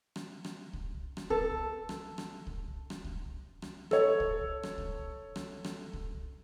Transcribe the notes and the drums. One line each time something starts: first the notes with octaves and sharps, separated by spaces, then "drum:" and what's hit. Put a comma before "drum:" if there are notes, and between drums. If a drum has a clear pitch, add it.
drum: rim click
drum: rim click
drum: kick C2
drum: rim click
A4, drum: kick C2
drum: rim click
drum: rim click
drum: kick C2
drum: rim click
drum: kick C2
drum: rim click
A4 C#5, drum: rim click
drum: kick C2
drum: rim click
drum: kick C2
drum: rim click
drum: rim click
drum: kick C2